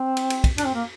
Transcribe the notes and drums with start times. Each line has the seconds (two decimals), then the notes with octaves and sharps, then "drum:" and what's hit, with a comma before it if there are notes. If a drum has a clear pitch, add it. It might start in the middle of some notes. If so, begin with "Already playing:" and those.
Already playing: C4
0.17 drum: cymbal
0.30 drum: cymbal
0.44 drum: kick, cymbal
0.58 D4, drum: cymbal
0.66 C4
0.74 A#3